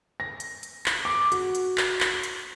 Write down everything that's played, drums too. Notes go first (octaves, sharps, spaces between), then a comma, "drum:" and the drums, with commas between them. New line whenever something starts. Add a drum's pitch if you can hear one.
A#6
drum: hi-hat
drum: hi-hat
drum: clap
D6
F#4, drum: hi-hat
drum: hi-hat
drum: clap
drum: clap
drum: hi-hat